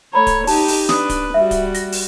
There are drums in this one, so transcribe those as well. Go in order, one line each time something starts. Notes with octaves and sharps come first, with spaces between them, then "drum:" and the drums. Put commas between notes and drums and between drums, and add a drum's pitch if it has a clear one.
A3 C#5 A#5 B5
drum: kick D1, hi-hat
D#4 G4 A5, drum: open hi-hat
drum: open hi-hat
D4 B4 D#6, drum: snare
drum: kick D1, hi-hat
G3 F#4 E5
drum: kick D1, hi-hat
A#6, drum: hi-hat
drum: open hi-hat